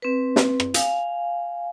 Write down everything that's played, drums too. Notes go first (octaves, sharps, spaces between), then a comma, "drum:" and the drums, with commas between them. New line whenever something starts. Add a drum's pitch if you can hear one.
C4 B4
drum: snare
drum: rim click
F5 G#5, drum: hi-hat